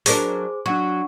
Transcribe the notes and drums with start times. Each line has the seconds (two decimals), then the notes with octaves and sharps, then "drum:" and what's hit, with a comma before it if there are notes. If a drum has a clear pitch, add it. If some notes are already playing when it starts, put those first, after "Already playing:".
0.06 F#3 D4 G#4 A#4 C5 D6, drum: open hi-hat
0.66 F#3 D4 F#5 C#6